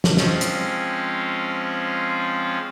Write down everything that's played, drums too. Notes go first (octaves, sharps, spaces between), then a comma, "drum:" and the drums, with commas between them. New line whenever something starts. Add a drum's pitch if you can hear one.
drum: snare
F3 G#3 C4 C#4 F4, drum: snare
drum: hi-hat